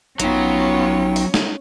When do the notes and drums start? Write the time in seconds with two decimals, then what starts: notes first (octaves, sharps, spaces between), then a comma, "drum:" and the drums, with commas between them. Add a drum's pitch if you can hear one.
0.20 A#1 F#3 B3 C#4 D#4 F4 G5, drum: hi-hat
1.16 drum: open hi-hat
1.34 drum: snare